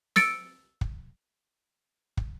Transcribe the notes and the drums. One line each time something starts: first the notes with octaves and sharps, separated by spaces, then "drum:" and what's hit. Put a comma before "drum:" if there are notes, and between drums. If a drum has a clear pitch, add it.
E6 A6 C#7 D7, drum: snare
drum: kick
drum: kick